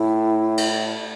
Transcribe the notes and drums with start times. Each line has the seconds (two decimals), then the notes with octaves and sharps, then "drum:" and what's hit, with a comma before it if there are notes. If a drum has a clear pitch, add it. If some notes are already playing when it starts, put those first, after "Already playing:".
Already playing: A2 E4
0.58 drum: cymbal